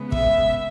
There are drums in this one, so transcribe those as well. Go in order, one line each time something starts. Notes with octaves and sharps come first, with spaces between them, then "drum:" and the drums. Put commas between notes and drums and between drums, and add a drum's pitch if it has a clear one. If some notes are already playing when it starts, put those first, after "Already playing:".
Already playing: C#3 G#3 B3
E5, drum: kick